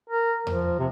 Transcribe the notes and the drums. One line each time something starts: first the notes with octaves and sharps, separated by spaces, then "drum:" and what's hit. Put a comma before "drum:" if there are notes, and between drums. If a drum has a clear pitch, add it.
A#4
F3, drum: tom E2
C3